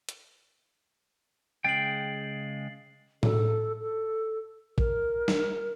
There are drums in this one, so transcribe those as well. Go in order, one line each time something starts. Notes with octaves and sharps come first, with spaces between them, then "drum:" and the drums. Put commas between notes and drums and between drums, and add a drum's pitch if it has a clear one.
drum: hi-hat
C#3 G#3 G5 A6 C7 F#7
A4, drum: tom A2
A4
A#4, drum: kick
drum: snare